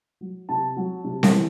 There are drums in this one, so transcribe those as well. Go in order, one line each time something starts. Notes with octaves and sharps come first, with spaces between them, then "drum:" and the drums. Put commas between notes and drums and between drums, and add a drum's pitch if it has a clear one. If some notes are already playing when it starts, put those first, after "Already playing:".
F#3
C3 A5
F#3
C3
drum: snare C4
E3